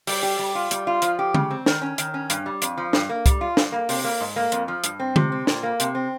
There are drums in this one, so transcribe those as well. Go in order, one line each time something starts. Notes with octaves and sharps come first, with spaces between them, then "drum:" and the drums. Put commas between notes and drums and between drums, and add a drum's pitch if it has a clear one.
G3, drum: open hi-hat
G4
G3
F4
G3, drum: hi-hat
F4
F3, drum: hi-hat
G4
C#3, drum: tom D3
C4
D#3, drum: snare
C#4
D#3, drum: hi-hat
C#4
G2, drum: hi-hat
G3
F2, drum: hi-hat
F3
G2, drum: snare
A#3
G3, drum: kick C2, hi-hat
F4
G2, drum: snare
A#3
C3, drum: open hi-hat
A#3
G#2
A#3
F2, drum: hi-hat
F3
G2, drum: hi-hat
C4
C3, drum: tom D3
C4
A#2, drum: snare
A#3
C3, drum: hi-hat
C4